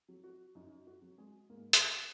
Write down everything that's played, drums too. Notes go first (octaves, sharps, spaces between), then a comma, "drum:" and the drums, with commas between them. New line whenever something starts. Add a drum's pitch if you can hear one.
F#3
F#4
F#2 D#4
F#4
F#3
G#3 G#4
G#2 A#3 A#4
drum: hi-hat